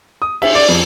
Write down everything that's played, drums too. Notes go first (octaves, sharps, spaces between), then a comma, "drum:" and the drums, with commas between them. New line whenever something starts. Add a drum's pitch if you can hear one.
D#6
E5, drum: cymbal
D5
F2